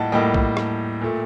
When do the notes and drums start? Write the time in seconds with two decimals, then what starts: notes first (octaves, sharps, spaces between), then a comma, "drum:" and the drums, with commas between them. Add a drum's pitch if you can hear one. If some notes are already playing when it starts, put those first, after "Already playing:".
Already playing: A2 G3 A#3 D#5 F#5 G5 A5
0.12 A2 G3 A#3 D#5 G5
0.34 drum: kick A#1
0.57 drum: rim click
1.01 A#2 A3